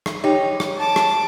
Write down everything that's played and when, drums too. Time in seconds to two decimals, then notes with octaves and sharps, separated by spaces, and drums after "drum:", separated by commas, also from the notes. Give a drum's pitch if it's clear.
0.06 drum: rim click
0.24 D#4 G4 C#5 G5
0.60 drum: rim click
0.78 A5 D6
0.96 drum: rim click